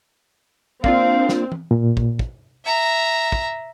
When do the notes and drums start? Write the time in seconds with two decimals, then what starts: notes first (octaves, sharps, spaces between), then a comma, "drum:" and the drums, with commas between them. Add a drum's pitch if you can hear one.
0.84 A#3 C4 D4 F4 F5, drum: kick
1.29 drum: snare
1.52 drum: tom E3
1.71 A#2
1.97 drum: kick
2.19 drum: kick
2.64 E5 A#5
3.32 drum: kick